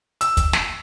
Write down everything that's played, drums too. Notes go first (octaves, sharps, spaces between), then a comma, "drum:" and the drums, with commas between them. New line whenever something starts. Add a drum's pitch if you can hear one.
E6, drum: hi-hat
drum: kick, hi-hat
drum: snare